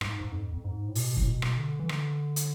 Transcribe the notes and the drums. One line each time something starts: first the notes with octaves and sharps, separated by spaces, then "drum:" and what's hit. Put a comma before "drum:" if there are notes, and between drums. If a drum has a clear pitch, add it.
G#2, drum: rim click
G#2
F2
F2
G#2
A2
B2, drum: open hi-hat
A2, drum: kick
B2
drum: rim click
D3
E3
D3, drum: rim click
drum: hi-hat